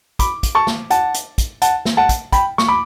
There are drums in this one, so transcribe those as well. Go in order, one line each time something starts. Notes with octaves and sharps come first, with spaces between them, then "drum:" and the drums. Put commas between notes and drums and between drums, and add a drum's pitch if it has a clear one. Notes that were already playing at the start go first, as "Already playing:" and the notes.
B5 D6, drum: kick, hi-hat
drum: kick, hi-hat
A5 C#6
drum: snare
F#5 A5, drum: hi-hat
drum: hi-hat
drum: kick, hi-hat
F#5 A5, drum: hi-hat
drum: snare
F#5 A5
drum: kick, hi-hat
G5 B5, drum: kick, hi-hat
C#6, drum: snare
B5 D6